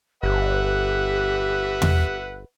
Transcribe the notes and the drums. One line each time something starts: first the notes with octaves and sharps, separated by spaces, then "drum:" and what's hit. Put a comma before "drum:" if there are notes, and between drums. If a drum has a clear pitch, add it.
G1 G4 B4 E5 F#5
drum: tom E2